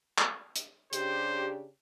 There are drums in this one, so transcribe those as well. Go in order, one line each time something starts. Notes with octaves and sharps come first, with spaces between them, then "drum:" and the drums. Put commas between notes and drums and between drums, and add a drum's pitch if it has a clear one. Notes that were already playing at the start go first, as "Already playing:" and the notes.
drum: clap
drum: hi-hat
C#3 D4 G4 C5, drum: hi-hat